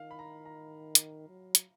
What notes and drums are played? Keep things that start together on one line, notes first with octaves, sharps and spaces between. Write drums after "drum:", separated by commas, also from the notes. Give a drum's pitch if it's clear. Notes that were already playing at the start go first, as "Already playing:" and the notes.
Already playing: D#3 F5
B5
A#5
A#5
drum: hi-hat
F#3
drum: hi-hat